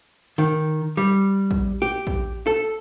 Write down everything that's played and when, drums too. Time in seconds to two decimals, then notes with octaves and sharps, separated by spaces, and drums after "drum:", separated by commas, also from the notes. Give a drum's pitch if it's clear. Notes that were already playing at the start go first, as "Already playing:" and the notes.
0.38 D#3
0.97 G3
1.51 drum: kick A#1
1.82 G4
2.07 drum: kick A#1
2.47 A4